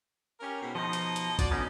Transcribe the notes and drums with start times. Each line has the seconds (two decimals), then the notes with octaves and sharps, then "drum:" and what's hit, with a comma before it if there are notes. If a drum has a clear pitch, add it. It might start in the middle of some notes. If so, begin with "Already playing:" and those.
0.40 C#4 G4 A#4
0.61 G#2 B2
0.75 B2 F3 D#4 F4 D#5
0.93 drum: hi-hat
1.16 drum: hi-hat
1.39 F#4 D5, drum: kick, hi-hat
1.51 D2 B3 C#4 D#4